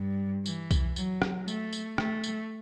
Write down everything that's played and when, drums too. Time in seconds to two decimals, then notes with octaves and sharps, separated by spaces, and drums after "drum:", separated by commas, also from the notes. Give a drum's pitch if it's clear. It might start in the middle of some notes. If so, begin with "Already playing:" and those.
Already playing: G2
0.46 E3, drum: tambourine
0.71 drum: kick B1, tambourine
0.96 F#3, drum: tambourine
1.22 drum: rim click
1.48 A3, drum: tambourine
1.73 drum: tambourine
1.98 A3, drum: rim click
2.24 drum: tambourine